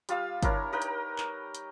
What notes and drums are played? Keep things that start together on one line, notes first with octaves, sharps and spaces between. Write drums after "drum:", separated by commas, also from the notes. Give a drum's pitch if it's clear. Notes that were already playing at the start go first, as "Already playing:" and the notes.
G3 F4 F5 E6, drum: hi-hat
D4 E4 A#4 C#5, drum: kick G1, hi-hat
D#4 A#4 B4 G5
drum: hi-hat
drum: clap
drum: hi-hat